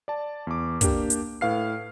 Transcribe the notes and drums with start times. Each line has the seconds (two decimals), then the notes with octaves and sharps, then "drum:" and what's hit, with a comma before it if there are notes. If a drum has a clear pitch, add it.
0.08 D5 A5
0.47 E2 D6
0.81 A#3 D4 G4, drum: kick, hi-hat
1.10 drum: hi-hat
1.41 A2 B4 F5 F6 C7